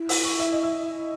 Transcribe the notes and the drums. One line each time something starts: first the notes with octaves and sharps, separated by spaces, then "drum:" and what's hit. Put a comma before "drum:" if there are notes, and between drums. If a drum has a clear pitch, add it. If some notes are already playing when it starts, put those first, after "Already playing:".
Already playing: E4
E6, drum: open hi-hat
C#6
E5
D#5
E5